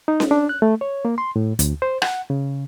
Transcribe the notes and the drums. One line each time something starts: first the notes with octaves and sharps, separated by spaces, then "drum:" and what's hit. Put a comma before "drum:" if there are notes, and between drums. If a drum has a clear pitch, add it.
D#4
drum: snare C#4
D4
F#6
A3
C#5
A#3
C6
A2
D2, drum: hi-hat
C5
F#5, drum: rim click
C#3